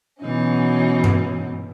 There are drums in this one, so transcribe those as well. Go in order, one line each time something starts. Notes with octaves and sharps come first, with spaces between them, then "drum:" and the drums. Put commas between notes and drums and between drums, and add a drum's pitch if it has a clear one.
B2 E3 F#3 C#4 D#4
drum: tom G2